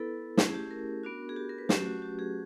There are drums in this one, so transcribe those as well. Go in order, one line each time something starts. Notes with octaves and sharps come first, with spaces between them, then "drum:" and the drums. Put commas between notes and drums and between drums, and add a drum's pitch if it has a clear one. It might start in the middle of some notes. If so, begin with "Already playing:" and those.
Already playing: B3 E4 A4 B4
A3 C#4 E4 G#4, drum: snare
G4
A#4
B3 D4 F#4
G#4
G4
A#4
B4
F#3 A3 C#4 F#4 G4, drum: snare
F#4
G4
G#4